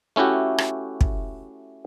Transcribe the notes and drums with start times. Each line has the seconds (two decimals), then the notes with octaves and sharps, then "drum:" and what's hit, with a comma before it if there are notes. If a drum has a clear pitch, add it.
0.16 A3 C#4 E4 F#4 G4
0.58 drum: rim click
1.01 drum: kick